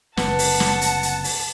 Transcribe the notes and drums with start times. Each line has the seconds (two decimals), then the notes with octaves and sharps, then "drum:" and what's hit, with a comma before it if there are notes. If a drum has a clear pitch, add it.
0.17 F#1 C2 B4 F#5 A5, drum: snare
0.39 drum: open hi-hat
0.60 drum: snare
0.81 drum: hi-hat
1.03 drum: hi-hat
1.24 drum: open hi-hat